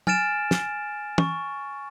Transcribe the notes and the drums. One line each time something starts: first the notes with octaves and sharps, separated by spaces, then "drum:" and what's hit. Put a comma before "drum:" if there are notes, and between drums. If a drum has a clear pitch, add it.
G#5 F6 A6 D7 E7, drum: tom
drum: snare
C#6, drum: tom